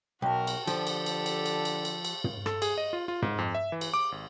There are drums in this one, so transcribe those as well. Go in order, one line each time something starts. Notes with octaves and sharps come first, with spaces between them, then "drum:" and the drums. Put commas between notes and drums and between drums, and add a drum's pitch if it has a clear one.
B1 F#4 A#4 G5 A5
drum: cymbal
D3 F3 G4 A4, drum: cymbal
drum: cymbal
drum: cymbal
drum: cymbal
drum: cymbal
drum: cymbal
drum: cymbal
drum: cymbal
drum: tom
A4, drum: rim click
G#4, drum: cymbal
D#5
F4
F4
G#2, drum: tom
F2
E5
E3
drum: cymbal
D6
G#1